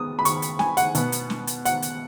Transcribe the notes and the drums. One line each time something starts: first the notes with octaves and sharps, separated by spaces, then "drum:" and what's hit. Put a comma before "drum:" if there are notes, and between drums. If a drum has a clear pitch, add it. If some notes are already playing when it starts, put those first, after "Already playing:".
Already playing: G#3 B3 D#6
B5
C#6, drum: hi-hat
drum: hi-hat
G#5, drum: snare
F#5, drum: hi-hat
B2 B3, drum: hi-hat
drum: hi-hat
drum: snare
drum: hi-hat
F#5, drum: hi-hat
drum: hi-hat